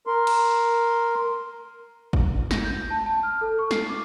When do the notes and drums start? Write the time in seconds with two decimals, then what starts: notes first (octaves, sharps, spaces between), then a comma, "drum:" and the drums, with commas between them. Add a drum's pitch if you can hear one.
0.07 A#4 C6
0.27 drum: cymbal
2.13 drum: kick
2.51 A#6, drum: snare
2.65 G6
2.90 A5
3.06 A5
3.23 F6
3.41 A4
3.59 C#6
3.71 C7, drum: snare
3.89 D6